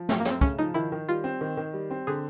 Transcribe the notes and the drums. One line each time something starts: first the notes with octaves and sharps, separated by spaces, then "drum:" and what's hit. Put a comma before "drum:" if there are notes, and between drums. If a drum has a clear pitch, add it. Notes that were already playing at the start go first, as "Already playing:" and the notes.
Already playing: F3
F#2 A3, drum: snare
A#3
A3, drum: snare
C4
C#3 C#4, drum: kick
F3 D#4
D#3 E4
D#3
G3 F4
C4
D#3
D#3
G3
C4
D3 G#4